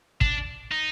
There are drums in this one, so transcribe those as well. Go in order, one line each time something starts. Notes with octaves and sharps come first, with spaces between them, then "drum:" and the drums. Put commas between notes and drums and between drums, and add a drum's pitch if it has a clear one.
D4, drum: kick
D#4